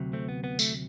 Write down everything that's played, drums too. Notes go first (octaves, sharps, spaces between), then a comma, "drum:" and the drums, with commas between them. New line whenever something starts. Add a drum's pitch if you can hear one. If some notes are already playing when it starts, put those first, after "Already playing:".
Already playing: D2 C3 F#3
A3 C4
B3
B3
A3, drum: tambourine